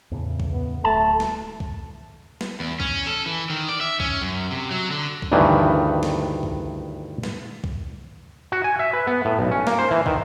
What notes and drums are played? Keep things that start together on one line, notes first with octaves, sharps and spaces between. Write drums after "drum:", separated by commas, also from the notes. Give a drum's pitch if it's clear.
E2 A2 C#3
drum: kick
B3
D1 A3 A5
drum: snare
drum: kick
drum: snare
E2
C#4, drum: kick
A4
E3
D#3
D5
E5
C#4, drum: kick
F#2
C3
F#3
D3
drum: kick
D2 G2 D#3 E3
drum: snare
drum: kick
drum: snare
drum: kick
F#4
G#5
E5
B4
B3
A2
B1
C#4
A#3, drum: snare
C5
E3
D#3, drum: kick